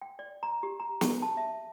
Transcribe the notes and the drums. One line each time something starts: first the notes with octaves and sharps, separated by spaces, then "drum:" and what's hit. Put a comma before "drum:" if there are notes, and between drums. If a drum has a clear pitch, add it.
G5
D5
A#5
G4
A#5
C#6, drum: snare
A5
E5